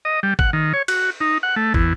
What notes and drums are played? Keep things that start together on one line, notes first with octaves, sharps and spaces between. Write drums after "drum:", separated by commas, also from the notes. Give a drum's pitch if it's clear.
D#5
G3
F#5, drum: kick
D#3
C#5
F#4, drum: cymbal
D#4
F#5
A3
E2, drum: kick